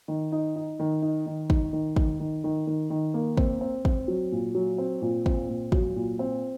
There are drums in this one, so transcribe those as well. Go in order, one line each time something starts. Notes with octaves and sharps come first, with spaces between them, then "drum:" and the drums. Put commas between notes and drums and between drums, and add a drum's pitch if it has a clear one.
D#3
D#4
D#4
D#3
D#4
D#3
D#4, drum: kick
D#3
D#3, drum: kick
D#3
D#3
D#3
D#3
A#3
C4, drum: kick
C4
C4, drum: kick
F#3
A#2
F#3
C4
A#2
C4, drum: kick
A#2
F#3, drum: kick
A#2
C4